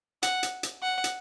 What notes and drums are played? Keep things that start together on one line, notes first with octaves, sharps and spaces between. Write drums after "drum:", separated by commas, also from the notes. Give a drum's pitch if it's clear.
F#5, drum: hi-hat
drum: hi-hat
drum: hi-hat
F#5
drum: hi-hat